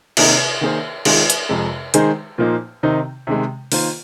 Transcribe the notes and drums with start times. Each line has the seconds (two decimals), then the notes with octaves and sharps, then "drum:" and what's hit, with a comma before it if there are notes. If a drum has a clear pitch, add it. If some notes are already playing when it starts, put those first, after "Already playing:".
0.17 C3 D#3 A#3 D#4, drum: cymbal
0.61 D#3 A#3 G#4 C5
1.05 D#3 G#3 F4, drum: cymbal
1.30 drum: hi-hat
1.49 F2 C3 G#3
1.94 D#3 G#3 D#4 G#4 C5, drum: hi-hat
2.38 A#2 F3 A#3 D#4 C5
2.83 C3 D#3 C4 D#4
3.27 C3 D#3 G#3
3.72 D#3 A#3 F4 C5, drum: open hi-hat